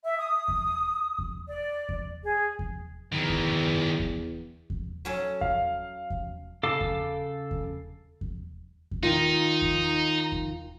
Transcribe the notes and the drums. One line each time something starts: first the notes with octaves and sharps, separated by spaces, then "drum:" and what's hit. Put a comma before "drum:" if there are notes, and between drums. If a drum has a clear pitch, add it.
E5
D#6
drum: kick E2
drum: kick E2
D5
drum: kick E2
G#4
drum: kick E2
E2 D#3 E3
drum: kick E2
drum: kick E2
drum: kick E2
F#3 C#4 A4
F5, drum: kick E2
drum: kick E2
C#3 A4 F5 D6
drum: kick E2
drum: kick E2
drum: kick E2
drum: kick E2
D#3 D#4 F4
drum: kick E2
drum: kick E2